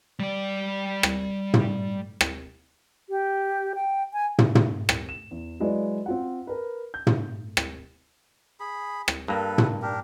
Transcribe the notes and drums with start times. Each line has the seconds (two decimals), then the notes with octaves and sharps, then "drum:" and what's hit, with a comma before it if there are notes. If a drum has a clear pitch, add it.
0.19 G3 D5
1.03 drum: rim click
1.54 drum: tom
2.21 drum: rim click
3.09 G4
3.75 G5
4.13 G#5
4.38 drum: tom
4.55 drum: tom
4.89 drum: rim click
5.09 E7
5.31 E2
5.60 F#3 G#3 E4 B4 D5 D#5
6.06 C4 F4 F#5
6.47 A#4 B4
6.94 G6
7.07 drum: tom
7.57 drum: rim click
8.60 G#4 B5
9.08 drum: rim click
9.28 G2 A#3 A4 B4
9.58 drum: tom
9.82 D4 G4 A#4